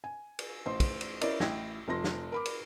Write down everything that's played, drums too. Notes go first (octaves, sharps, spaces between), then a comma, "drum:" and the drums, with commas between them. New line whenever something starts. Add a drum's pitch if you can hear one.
G#5
drum: cymbal
A1 C5 C6
drum: kick, cymbal
drum: cymbal
C#4 E4 A#4 D5 D#5, drum: cymbal
A1 E4 G5 G#6 A#6, drum: snare
F1 F3 C6 A#6
drum: snare
A#4 B5 D6
drum: cymbal